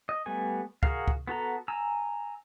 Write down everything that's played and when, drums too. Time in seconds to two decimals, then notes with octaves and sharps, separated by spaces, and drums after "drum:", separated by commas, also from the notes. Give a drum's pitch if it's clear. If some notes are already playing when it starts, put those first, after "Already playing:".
0.09 D#5
0.26 G3 A3 B3 G#5
0.83 F#4 G#4 A#4 F5, drum: kick
1.08 drum: kick
1.27 B3 F#4 A4 A#5
1.68 G#5 A#5 E6